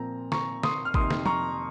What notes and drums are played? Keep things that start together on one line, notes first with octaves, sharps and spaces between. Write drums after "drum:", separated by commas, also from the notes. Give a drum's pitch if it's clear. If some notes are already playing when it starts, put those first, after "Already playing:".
Already playing: A#2 F3 C4 A#5
A#5 C#6, drum: snare
C6 D#6, drum: snare
F6
F2 C3 D#3 A#3 C6 D#6, drum: kick
drum: snare
A#5 C#6, drum: tom F3